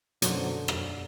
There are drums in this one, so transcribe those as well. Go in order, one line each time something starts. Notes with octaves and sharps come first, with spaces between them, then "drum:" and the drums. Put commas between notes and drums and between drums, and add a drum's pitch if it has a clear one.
F#2 B2 D3 F#3 C5, drum: hi-hat
drum: rim click